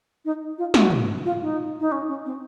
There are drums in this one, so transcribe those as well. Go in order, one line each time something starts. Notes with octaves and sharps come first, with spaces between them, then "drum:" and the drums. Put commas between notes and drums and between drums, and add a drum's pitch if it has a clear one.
D#4
F4
F#4, drum: snare
drum: tom
F4
D#4
D#4
C#4
C#4
C4